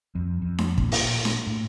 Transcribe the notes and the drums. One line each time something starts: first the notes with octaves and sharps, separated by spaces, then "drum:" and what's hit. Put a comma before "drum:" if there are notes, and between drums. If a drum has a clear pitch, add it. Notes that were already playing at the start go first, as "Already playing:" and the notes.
F2
F2
drum: snare D4
A#2, drum: kick
drum: open hi-hat
drum: snare D4
A2